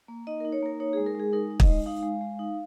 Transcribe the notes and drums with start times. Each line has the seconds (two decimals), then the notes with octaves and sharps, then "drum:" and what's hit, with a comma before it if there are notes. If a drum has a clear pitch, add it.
0.08 A#3
0.27 D#4 D#5
0.40 A#4
0.45 D#4
0.52 C#5
0.63 A#3 A#4
0.80 D#4 C#5
0.93 G#4
0.97 G#3
1.06 A#4
1.15 G#3 G#4
1.33 D#4 A#4
1.50 D#4
1.60 D#5, drum: kick
1.68 G#3
1.86 D#4 F5
2.03 G#3
2.21 G#3
2.39 D#4